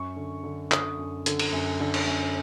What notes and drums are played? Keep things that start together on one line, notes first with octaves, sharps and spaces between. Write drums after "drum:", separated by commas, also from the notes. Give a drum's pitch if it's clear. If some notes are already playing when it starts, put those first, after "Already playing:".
Already playing: F#2 C#6
D3
D3
D3 D#6, drum: clap
F#2
D3, drum: hi-hat
drum: cymbal
F#2
D3
drum: cymbal
F#2